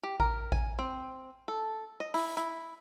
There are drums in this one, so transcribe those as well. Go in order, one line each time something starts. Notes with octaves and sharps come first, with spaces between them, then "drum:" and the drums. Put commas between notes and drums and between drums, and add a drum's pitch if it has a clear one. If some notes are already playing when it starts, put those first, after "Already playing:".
G4
A#4, drum: kick A1
G#5, drum: kick A1
C4
A4
D#5
E4, drum: open hi-hat
E4, drum: hi-hat